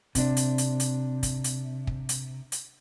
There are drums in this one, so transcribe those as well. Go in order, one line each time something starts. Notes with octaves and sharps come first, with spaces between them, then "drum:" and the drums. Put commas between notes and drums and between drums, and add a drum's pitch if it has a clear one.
C3 D4, drum: kick, hi-hat
drum: hi-hat
drum: hi-hat
drum: hi-hat
drum: kick, hi-hat
drum: hi-hat
drum: kick
drum: hi-hat
drum: hi-hat